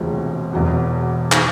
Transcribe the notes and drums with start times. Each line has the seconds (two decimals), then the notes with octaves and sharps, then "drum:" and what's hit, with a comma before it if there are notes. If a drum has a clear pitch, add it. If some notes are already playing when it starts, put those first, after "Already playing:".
Already playing: E1 D2 C3 F3 G#3
0.53 E1 E2 B2
1.32 D#3, drum: clap